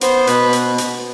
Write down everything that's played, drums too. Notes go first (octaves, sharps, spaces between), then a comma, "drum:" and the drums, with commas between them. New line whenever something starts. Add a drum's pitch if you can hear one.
B3 C5, drum: hi-hat
B2 B4, drum: hi-hat
drum: hi-hat
drum: hi-hat